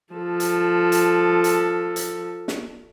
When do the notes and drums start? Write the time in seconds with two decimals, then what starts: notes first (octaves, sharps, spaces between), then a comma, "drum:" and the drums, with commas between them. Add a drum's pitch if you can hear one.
0.14 F3 A4
0.40 drum: hi-hat
0.92 drum: hi-hat
1.44 drum: hi-hat
1.96 drum: hi-hat
2.48 drum: snare